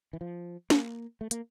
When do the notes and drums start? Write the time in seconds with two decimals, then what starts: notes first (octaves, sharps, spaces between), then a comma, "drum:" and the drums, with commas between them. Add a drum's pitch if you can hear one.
0.13 E3
0.21 F3
0.70 A#3, drum: snare
1.21 A3
1.31 A#3, drum: hi-hat